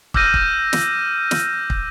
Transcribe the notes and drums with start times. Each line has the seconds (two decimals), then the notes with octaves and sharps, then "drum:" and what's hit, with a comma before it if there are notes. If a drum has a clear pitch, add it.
0.14 D6 E6 F6 G6 A#6 D#7, drum: kick
0.34 drum: kick
0.73 drum: snare
1.31 drum: snare
1.70 drum: kick